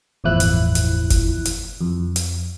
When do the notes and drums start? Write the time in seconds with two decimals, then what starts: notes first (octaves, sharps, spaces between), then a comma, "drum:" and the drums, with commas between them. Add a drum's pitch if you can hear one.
0.24 G1 E2 A2 F3 E4 F#6
0.40 drum: hi-hat
0.75 drum: hi-hat
1.10 drum: kick F#1, hi-hat
1.45 drum: hi-hat
1.81 F2
2.16 drum: hi-hat